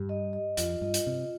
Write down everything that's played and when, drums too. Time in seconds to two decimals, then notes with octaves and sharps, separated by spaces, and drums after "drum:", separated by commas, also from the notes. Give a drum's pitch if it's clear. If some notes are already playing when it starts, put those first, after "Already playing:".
Already playing: G2 G4
0.09 D#5
0.33 D#5
0.57 F2 F4, drum: hi-hat
0.81 G2 D#5
0.94 drum: hi-hat
1.06 C3 F4